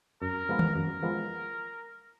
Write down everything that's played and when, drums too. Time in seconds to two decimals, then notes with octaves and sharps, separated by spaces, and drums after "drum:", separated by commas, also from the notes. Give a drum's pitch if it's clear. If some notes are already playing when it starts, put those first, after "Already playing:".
0.22 F#2 A#4
0.49 F3 G#3 B3 F4
0.59 drum: tom D#3
0.76 F#2 A#4
1.03 F3 G#3 B3 F4